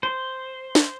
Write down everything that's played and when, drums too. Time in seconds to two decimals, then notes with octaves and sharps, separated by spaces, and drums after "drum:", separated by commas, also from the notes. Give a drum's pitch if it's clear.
0.03 C5
0.75 drum: snare